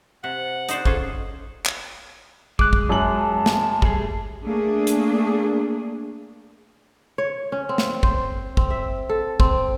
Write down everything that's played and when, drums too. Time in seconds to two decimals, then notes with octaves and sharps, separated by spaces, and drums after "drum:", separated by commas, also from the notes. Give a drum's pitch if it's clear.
0.24 C3 F#5
0.69 D#4 C5 D5, drum: hi-hat
0.85 C#4 F4 G#4 A4, drum: kick
1.65 drum: clap
2.59 G#3 D6 F#6, drum: kick
2.73 drum: kick
2.89 F#2 A5 F#7
3.46 drum: snare
3.82 G3 A3 G#4, drum: kick
4.45 A3 A#3 D4 G#4
4.87 drum: hi-hat
7.18 C#5
7.52 C#4
7.69 C4
7.78 drum: snare
8.03 C5, drum: kick
8.57 C4, drum: kick
8.70 E5
9.09 A4
9.40 C4, drum: kick